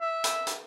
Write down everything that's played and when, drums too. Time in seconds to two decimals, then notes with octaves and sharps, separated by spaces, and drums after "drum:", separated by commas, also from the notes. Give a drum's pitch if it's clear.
0.01 E5
0.24 drum: hi-hat
0.47 drum: hi-hat